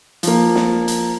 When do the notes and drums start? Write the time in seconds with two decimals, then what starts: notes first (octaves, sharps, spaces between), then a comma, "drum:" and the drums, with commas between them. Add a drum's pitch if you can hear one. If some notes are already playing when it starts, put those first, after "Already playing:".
0.23 F3 A#3, drum: hi-hat
0.55 drum: snare
0.88 drum: hi-hat